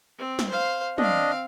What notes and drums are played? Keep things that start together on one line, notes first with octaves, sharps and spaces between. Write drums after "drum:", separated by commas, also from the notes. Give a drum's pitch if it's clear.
C4
drum: snare
C5 F5
C4 D4 D#5 F5, drum: tom